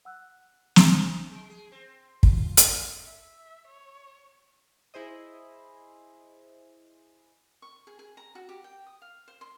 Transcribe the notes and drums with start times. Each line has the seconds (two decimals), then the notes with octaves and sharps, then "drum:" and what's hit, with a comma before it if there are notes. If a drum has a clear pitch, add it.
0.05 F#5 E6 F#6
0.76 drum: snare
1.30 G#3
1.50 G#4
1.72 C4
2.23 F4, drum: kick
2.57 D3, drum: hi-hat
3.05 E5
3.67 C#5
4.94 E4 G#4 C5 D#5
7.62 C#6
7.87 G#4
7.99 G#4
8.17 A#5
8.35 F#4
8.49 G4
8.64 G5
8.86 D#6
9.02 F5
9.28 C5
9.41 C6